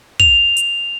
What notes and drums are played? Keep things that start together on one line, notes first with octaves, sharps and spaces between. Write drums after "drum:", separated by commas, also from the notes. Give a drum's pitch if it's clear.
F7, drum: kick
drum: hi-hat